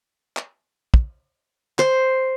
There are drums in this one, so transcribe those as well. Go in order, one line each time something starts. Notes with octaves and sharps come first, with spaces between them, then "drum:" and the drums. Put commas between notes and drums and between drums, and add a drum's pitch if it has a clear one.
drum: clap
drum: kick
C5, drum: clap